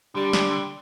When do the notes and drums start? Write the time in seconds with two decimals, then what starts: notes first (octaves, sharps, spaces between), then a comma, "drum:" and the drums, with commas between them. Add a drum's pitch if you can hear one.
0.15 D3 G3 D4
0.33 drum: snare